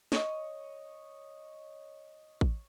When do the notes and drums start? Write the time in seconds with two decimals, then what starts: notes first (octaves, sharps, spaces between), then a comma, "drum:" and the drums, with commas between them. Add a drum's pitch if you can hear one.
0.12 C#5 D#5, drum: snare
2.41 drum: kick A1